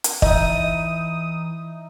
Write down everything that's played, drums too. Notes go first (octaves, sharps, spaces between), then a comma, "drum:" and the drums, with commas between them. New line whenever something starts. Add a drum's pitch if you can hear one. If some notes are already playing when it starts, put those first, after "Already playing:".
drum: hi-hat
E3 D#4 D#5 E5 D#6, drum: kick